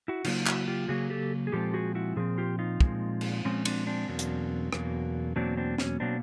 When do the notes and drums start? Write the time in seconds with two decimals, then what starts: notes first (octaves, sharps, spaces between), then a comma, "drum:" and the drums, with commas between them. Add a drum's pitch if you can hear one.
0.08 E4 F#4
0.24 C#3 F#3 A#3 D#4 F4, drum: cymbal
0.47 E4 F#4, drum: clap
0.68 F4 G4
0.88 C#3 F#3 A#3 F#4 G#4
1.10 G4 A4
1.47 G#4
1.52 A#2 F3 G#3 C4 G4 A4
1.74 F#4 G#4
1.95 E4 F#4
2.16 A#2 F3 C4 G#4
2.38 F4 G4
2.59 D#4 F4
2.80 A#2 F3 G#3 C4, drum: kick
3.21 drum: cymbal
3.44 A#2 F3 G#3 C4 C#4
3.65 C4 D4, drum: cymbal
3.87 C4 D4
4.08 E2 B2 F#3 A#3
4.19 drum: hi-hat
4.73 E2 B2 F#3 A#3, drum: rim click
5.36 E2 B2 F#3 A#3 C4 D4
5.57 C4 D4
5.78 C#4, drum: snare
6.00 B2 F#3 A#3 C4 D4